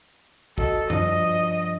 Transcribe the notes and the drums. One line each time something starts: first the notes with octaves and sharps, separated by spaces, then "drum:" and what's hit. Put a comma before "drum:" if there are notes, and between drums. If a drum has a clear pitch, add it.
F#4 A4 D#5, drum: kick
G2 F3 D4 D#5, drum: tom F#2